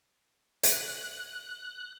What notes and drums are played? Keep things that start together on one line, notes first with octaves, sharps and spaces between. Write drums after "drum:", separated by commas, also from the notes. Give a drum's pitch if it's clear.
F#6, drum: hi-hat